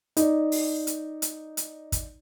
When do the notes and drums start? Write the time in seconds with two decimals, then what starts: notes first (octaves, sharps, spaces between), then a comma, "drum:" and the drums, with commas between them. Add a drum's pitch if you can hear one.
0.17 D#4 D5, drum: hi-hat
0.52 drum: open hi-hat
0.87 drum: hi-hat
1.22 drum: hi-hat
1.57 drum: hi-hat
1.92 drum: kick, hi-hat